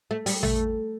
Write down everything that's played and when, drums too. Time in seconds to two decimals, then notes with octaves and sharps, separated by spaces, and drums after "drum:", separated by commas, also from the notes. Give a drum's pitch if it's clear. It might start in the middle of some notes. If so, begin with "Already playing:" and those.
0.11 A3
0.26 G3, drum: open hi-hat
0.43 A3, drum: tom A1